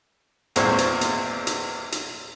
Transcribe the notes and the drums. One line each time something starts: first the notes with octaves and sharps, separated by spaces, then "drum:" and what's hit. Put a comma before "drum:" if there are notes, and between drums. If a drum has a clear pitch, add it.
G#1 E2 A#2 G#3 C5 C#6, drum: hi-hat
drum: hi-hat
drum: hi-hat
drum: hi-hat
drum: hi-hat